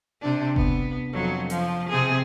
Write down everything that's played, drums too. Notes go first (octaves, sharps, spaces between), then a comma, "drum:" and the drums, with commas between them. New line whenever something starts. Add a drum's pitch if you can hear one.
C3 D4
B3, drum: kick F#1
F2 F#3
F3, drum: hi-hat
C3 C4 G#4